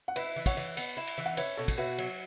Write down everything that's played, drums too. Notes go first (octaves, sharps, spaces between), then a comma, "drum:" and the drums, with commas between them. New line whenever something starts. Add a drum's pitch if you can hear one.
F#5
E4 B4 E5, drum: cymbal
E3
C#5 F#5, drum: kick, cymbal
E3
B3, drum: cymbal
E4
drum: cymbal
E3
F#5
C#4 B4 E5, drum: cymbal
B2 A4 C#5
drum: kick, cymbal
F#4 B4 E5
F#3, drum: cymbal